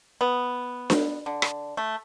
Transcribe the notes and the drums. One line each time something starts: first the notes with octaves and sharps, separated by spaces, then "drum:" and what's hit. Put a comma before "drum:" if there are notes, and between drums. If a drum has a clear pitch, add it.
B3
drum: snare D4
D3
drum: rim click
A3